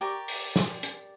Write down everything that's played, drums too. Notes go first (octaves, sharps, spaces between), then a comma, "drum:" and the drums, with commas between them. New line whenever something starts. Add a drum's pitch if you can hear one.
G4 A#4 D5 C#6
drum: open hi-hat
drum: snare
drum: hi-hat